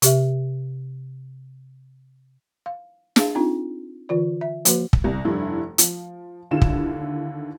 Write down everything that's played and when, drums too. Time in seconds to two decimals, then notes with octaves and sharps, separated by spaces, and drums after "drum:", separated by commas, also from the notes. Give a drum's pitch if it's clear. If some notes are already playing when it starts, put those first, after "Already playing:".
0.02 C3 G4 E5, drum: hi-hat
2.66 F5
3.16 D4 G#4 F5, drum: snare
3.35 C4 D4 D#4 F4
4.09 D3 E3 F4 D5
4.41 E5
4.65 F3 A#3 F#4 B4, drum: hi-hat
4.93 drum: kick
5.04 C2
5.24 F1 G2 D4 E4
5.78 F3, drum: hi-hat
6.51 D#2 D3 E4 F4 E7
6.62 drum: kick